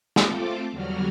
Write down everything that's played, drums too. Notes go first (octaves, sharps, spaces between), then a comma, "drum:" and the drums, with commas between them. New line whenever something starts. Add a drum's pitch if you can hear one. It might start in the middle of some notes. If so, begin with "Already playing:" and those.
A3 C4 F4 A4 D6, drum: snare
E2 D3 F#3 G3 F#4 F6